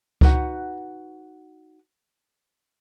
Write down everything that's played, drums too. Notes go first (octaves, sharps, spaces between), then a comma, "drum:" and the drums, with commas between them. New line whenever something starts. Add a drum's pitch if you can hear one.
D#4 F#4 B4 F#5, drum: kick C#2